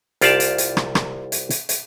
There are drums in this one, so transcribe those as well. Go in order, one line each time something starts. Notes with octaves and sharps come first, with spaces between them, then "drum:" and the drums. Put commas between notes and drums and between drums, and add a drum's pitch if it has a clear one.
C2 F4 G4 D5 F5 A5, drum: hi-hat
drum: hi-hat
drum: hi-hat
drum: rim click
drum: rim click
drum: hi-hat
drum: hi-hat
drum: hi-hat